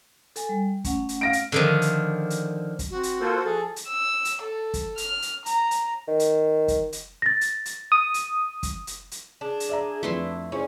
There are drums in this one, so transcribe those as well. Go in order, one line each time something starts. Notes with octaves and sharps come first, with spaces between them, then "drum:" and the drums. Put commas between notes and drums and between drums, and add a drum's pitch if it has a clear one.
A4 G#5, drum: hi-hat
G3
A3 C#4 F#5, drum: kick, hi-hat
drum: hi-hat
F5 A#6 D7
drum: hi-hat
D3 D#3 F3
drum: hi-hat
drum: hi-hat
drum: kick, hi-hat
C4 F#4
drum: hi-hat
A#3 F4 A4 C5
F3 G#4 A4
drum: hi-hat
E6
drum: hi-hat
A4
drum: kick, hi-hat
F6, drum: hi-hat
drum: hi-hat
A#5, drum: hi-hat
drum: hi-hat
D#3
drum: hi-hat
drum: kick, hi-hat
drum: hi-hat
A6 A#6
drum: hi-hat
drum: hi-hat
D#6
drum: hi-hat
drum: kick, hi-hat
drum: hi-hat
drum: hi-hat
D4 G#4
drum: hi-hat
D5 E5 A#5
F2 A3 E4 B4 C6
C#4 E4 G#4 C5 D5